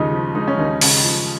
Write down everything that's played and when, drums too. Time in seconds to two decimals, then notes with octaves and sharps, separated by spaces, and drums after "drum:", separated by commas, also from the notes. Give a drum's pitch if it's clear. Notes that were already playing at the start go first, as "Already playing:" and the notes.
Already playing: D#2 C#3 G#3 D#4 F4
0.12 F3
0.35 G#3 D#4
0.48 C#4
0.57 D#2 D#4
0.81 C#3, drum: open hi-hat
1.04 F3